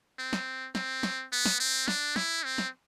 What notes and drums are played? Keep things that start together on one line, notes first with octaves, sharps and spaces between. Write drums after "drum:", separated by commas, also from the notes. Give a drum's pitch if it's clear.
C4
drum: snare
C4, drum: snare
drum: snare
B3
drum: snare
C4
D4, drum: snare
E4, drum: snare
C4
drum: snare